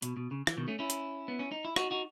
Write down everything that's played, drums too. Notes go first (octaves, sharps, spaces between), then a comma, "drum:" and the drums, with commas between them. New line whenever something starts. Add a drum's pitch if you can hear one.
B2, drum: hi-hat
B2
C#3
E3, drum: rim click
B2 D#3
A3 C#4
C#4 E4
drum: hi-hat
B3
C#4
D#4
E4
D#4 F#4, drum: rim click
D#4 F#4